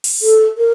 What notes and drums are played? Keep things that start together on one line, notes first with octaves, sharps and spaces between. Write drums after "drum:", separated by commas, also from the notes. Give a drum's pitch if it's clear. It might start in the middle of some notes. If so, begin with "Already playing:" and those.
drum: open hi-hat
A4
A#4